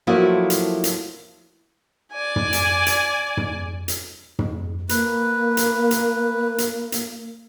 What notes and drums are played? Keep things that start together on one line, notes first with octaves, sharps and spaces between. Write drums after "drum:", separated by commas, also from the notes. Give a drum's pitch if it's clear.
F3 F#3 A3 A#3 E4
drum: hi-hat
drum: hi-hat
D5 G#5
drum: tom
drum: hi-hat
drum: hi-hat
drum: tom
drum: hi-hat
drum: tom
A#3 B4, drum: hi-hat
drum: hi-hat
drum: hi-hat
drum: hi-hat
drum: hi-hat